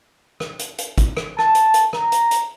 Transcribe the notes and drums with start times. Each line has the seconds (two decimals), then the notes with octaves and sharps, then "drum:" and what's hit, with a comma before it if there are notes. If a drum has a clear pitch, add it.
0.40 drum: rim click
0.59 drum: hi-hat
0.78 drum: hi-hat
0.98 drum: kick, hi-hat
1.17 drum: rim click
1.38 A5, drum: rim click
1.55 drum: hi-hat
1.74 drum: hi-hat
1.93 A#5, drum: rim click
2.12 drum: hi-hat
2.31 drum: hi-hat